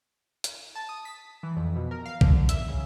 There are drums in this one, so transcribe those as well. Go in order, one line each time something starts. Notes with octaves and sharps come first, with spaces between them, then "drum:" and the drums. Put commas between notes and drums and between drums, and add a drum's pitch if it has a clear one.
drum: hi-hat
A5
D#6
B6
E3
F2
B2
A#4
F5
D3, drum: kick B1
E5, drum: hi-hat
C#3